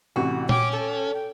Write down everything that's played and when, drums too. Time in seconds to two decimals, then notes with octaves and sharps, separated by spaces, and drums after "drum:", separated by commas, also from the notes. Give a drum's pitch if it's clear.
0.16 A1 C3 E3 F#4
0.49 C#4 G5 D6, drum: tom A#2
0.73 A4 A5
1.13 G5